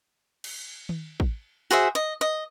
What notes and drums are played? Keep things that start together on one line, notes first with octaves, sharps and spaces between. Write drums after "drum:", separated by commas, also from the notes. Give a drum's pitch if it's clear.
drum: cymbal
drum: tom D#3
drum: kick
F#4 G#4 C5 E5
D#5
D#5